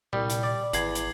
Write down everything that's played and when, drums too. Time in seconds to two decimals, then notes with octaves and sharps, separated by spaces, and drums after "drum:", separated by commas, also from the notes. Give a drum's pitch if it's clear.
0.13 C2 A#2 G3
0.30 drum: hi-hat
0.43 D5
0.73 G#1 E2 G#6 C7 F#7, drum: hi-hat
0.95 drum: hi-hat